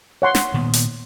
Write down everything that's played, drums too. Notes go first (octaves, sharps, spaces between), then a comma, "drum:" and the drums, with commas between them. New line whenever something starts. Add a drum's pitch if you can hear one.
C#5 F#5 C6
drum: snare
A#2 D#3 B3
drum: hi-hat